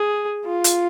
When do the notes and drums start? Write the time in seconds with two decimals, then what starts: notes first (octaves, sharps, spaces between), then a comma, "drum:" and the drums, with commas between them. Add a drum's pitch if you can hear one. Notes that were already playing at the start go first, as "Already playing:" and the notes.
Already playing: G#4
0.45 F4
0.64 drum: hi-hat